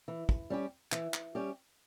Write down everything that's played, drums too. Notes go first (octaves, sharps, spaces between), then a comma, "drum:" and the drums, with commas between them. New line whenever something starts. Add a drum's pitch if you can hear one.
E3
drum: kick
G3 C#4 G4
E3, drum: clap
drum: clap
G3 C#4 G4